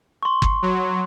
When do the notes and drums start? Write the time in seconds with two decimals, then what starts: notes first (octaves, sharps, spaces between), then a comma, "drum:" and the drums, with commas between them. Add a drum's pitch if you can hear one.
0.23 C6 C#6
0.42 drum: kick
0.62 F#3